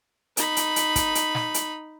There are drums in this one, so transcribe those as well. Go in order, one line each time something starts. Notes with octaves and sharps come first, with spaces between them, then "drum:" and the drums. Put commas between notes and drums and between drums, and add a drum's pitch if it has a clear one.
D#4 B5, drum: hi-hat
drum: hi-hat
drum: hi-hat
drum: kick, hi-hat
drum: hi-hat
drum: snare
drum: hi-hat